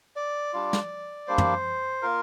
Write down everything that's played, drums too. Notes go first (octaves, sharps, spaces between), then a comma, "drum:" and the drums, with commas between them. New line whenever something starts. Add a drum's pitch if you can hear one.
D5
G3 D4 F4
drum: snare
G3 A#3 D4 C5
drum: tom
A#3 F4 A#4